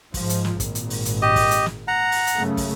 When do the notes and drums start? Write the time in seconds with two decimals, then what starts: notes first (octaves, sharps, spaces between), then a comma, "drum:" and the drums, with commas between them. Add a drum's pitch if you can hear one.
0.14 G#2 F3, drum: kick, open hi-hat
0.29 drum: hi-hat
0.45 drum: snare
0.60 G#1 A#2, drum: kick, hi-hat
0.75 drum: hi-hat
0.90 drum: open hi-hat
1.05 drum: hi-hat
1.22 G4 D#5
1.36 drum: kick, open hi-hat
1.51 drum: hi-hat
1.66 drum: snare
1.88 F#5 A#5
2.12 drum: open hi-hat
2.27 drum: hi-hat
2.36 F#2 C#3 A3
2.57 drum: kick, open hi-hat